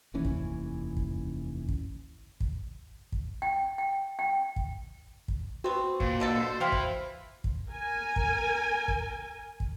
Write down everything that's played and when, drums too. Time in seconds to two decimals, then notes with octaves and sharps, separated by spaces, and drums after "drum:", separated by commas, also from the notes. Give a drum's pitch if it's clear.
0.14 F1 D#2 E3 C#4
0.25 drum: kick
0.97 drum: kick
1.69 drum: kick
2.40 drum: kick
3.12 drum: kick
3.42 G5
3.78 G5
4.19 G5
4.56 drum: kick
5.28 drum: kick
5.64 B3 C4 F#4
6.00 A#2, drum: kick
6.20 B2 D3 A4
6.40 C5
6.60 E3 E4 C5 F5 G5
6.72 drum: kick
7.44 drum: kick
7.70 A#4 G#5
8.16 drum: kick
8.88 drum: kick
9.60 drum: kick